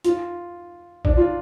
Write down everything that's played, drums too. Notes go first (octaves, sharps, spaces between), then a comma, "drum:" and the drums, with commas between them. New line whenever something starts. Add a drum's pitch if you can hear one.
F4, drum: hi-hat
D4, drum: kick A1
F4